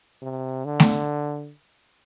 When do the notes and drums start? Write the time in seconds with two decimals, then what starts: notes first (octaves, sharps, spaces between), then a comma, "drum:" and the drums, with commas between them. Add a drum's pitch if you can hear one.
0.22 C3
0.65 D3
0.80 drum: snare A3